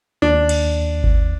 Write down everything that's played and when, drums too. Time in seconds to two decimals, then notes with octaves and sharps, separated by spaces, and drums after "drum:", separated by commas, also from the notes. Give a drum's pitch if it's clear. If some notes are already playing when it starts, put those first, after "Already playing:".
0.22 D#2 D4
0.49 drum: cymbal
1.04 drum: kick G1